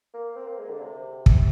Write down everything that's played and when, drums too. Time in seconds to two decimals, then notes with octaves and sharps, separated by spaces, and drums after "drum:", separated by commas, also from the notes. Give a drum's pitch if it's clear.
0.14 A#3
0.36 C4
0.48 A#3
0.59 G#3
0.69 D3
0.81 C3
1.26 drum: kick